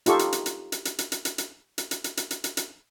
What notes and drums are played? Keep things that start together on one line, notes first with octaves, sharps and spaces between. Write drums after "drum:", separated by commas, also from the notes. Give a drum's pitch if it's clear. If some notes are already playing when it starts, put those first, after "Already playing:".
D#4 F4 G4 A4 C#6, drum: hi-hat
drum: hi-hat
drum: hi-hat
drum: hi-hat
drum: hi-hat
drum: hi-hat
drum: hi-hat
drum: hi-hat
drum: hi-hat
drum: hi-hat
drum: hi-hat
drum: hi-hat
drum: hi-hat
drum: hi-hat
drum: hi-hat
drum: hi-hat
drum: hi-hat